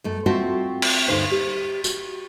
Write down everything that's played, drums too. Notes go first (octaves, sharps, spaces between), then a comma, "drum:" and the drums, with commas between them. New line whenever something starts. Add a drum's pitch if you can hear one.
F#2 A3
A3 C4 F4 F#4 E5 A5
drum: cymbal
D2 G2 D3 D#4 C5 F5
G4
F#4, drum: tambourine